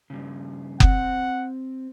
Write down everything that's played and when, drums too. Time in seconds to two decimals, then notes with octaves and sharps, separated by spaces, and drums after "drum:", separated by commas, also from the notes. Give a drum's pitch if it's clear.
0.10 G2 C#3
0.80 C4 F#5, drum: kick F#1